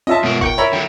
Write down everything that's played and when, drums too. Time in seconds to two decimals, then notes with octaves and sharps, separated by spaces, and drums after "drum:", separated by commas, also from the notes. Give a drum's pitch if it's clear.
0.07 C#4 F4 D#5 E5 A5
0.23 G2 B2 G#3 A#4
0.41 A#4 F#5 G5 C#6, drum: kick
0.58 A#4 C#5 E5 A#5 B5
0.73 D3 F#3 G5